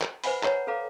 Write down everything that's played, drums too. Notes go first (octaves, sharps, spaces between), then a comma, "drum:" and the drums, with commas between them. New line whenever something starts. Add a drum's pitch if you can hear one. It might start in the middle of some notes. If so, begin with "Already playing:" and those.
drum: clap
B4 C5 E5 F#5 G#5 B5, drum: open hi-hat
B4 C#5 F#5 A#5, drum: clap
A4 B4 F5 A#5 D6